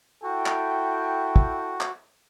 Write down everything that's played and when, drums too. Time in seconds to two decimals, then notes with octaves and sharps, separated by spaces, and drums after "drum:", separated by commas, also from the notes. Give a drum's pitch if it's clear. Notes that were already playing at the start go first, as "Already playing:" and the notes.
0.24 E4 F#4 A4 G5
0.46 drum: clap
1.36 drum: kick
1.81 drum: clap